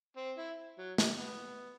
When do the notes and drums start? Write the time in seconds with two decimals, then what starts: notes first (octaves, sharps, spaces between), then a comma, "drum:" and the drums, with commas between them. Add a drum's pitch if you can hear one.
0.17 C4
0.38 E4
0.78 F#3
0.98 G3, drum: snare
1.18 B3